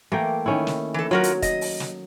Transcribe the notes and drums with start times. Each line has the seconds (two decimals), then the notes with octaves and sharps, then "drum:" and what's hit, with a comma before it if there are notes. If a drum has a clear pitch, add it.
0.12 E3 A3 A#3 G5
0.46 D#3 C#4 E4
0.67 drum: snare
0.94 E3 A4
1.11 F#3 F4 F#4 A#4
1.23 drum: hi-hat
1.42 D#5, drum: kick, hi-hat
1.61 drum: open hi-hat
1.80 drum: snare